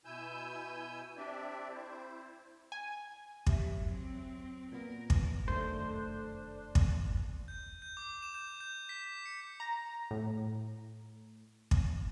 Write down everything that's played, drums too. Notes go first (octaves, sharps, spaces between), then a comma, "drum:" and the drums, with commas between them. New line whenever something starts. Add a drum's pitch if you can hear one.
B2 E4 G#5 E6 G6
C4 D4 G4 D5 E5
C4 E4 C5
G#5
E3 F#3 G4 E5, drum: kick
F#3 C4
A#2 B3 A#4
drum: kick
F1 F#2 D#3 A3 D4 C5
drum: kick
G6
G6
D6
E7
G6
G6
B6
C#7
A#5
A2
drum: kick